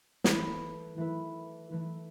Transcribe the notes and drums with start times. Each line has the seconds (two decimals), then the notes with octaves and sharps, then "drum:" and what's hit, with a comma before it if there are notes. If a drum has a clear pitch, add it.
0.24 E3 A3 E4 B4, drum: snare
0.98 E3 A3 E4 B4
1.71 E3 A3 E4 B4